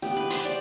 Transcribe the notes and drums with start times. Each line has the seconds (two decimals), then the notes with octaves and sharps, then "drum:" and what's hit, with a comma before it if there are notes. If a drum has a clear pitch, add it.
0.02 E3 B3 G4
0.17 B4
0.30 C5, drum: hi-hat
0.45 D5